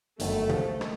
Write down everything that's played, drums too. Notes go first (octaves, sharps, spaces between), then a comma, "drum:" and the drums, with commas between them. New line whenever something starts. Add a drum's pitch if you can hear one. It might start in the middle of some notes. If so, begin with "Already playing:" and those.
G1 F#2 D#3 F#3 A3, drum: hi-hat
C#2 C3 F3, drum: tom
D#3, drum: rim click